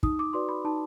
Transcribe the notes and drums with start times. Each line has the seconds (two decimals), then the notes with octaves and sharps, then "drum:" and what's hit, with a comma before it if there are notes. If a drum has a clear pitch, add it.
0.03 D#4 D#6, drum: kick
0.19 D6
0.33 F#4 B4 D5 C6
0.49 B5
0.65 D#4 A5